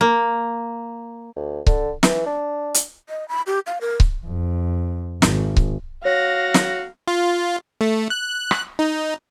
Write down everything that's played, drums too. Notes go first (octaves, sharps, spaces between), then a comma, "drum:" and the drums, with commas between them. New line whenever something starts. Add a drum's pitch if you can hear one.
A#3
D2
D3, drum: kick C#1
E3, drum: snare
D4
drum: hi-hat
D#5
B5
G4
F5
A#4
drum: kick C#1
F2
G#1, drum: snare
drum: kick C#1
F#4 C#5 F5 A#6
drum: snare
F4
A3
F#6
drum: rim click
D#4